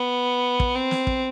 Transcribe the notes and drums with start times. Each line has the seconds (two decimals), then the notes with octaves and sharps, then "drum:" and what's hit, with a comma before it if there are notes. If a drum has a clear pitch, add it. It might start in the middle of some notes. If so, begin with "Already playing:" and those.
Already playing: B3
0.60 drum: kick
0.75 C4
0.91 drum: snare
1.07 drum: kick